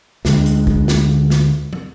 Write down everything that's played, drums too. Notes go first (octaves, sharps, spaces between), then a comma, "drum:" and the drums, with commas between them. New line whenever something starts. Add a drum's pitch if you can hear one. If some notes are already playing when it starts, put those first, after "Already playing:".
D2 D3 G#3, drum: snare
drum: hi-hat
drum: kick
drum: snare
drum: snare
drum: tom